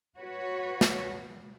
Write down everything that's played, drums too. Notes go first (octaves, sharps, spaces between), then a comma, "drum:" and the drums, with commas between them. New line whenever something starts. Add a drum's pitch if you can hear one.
F#4 B4 C#5
drum: snare